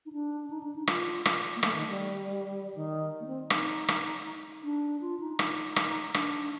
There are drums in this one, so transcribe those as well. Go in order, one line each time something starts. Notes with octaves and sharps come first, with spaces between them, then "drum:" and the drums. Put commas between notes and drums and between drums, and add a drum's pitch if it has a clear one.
D#4
D4
D#4
D4
D#4
F4, drum: rim click
drum: rim click
A#3
A3, drum: rim click
D#3
G3
D#3
A#3
C4
D#4, drum: rim click
drum: rim click
D4
F4
D#4
D#4, drum: rim click
drum: rim click
D4, drum: rim click